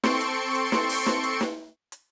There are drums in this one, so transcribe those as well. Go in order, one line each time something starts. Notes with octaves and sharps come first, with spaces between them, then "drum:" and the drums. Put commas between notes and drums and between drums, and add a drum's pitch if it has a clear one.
C4 A4 C6 C#6 C#7 D7, drum: snare
drum: hi-hat
drum: hi-hat
drum: snare
drum: open hi-hat
drum: snare
drum: hi-hat
drum: snare
drum: hi-hat